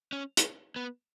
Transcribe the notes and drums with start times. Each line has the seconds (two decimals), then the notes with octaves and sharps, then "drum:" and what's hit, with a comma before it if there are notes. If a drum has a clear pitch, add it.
0.13 C#4
0.37 drum: hi-hat
0.76 B3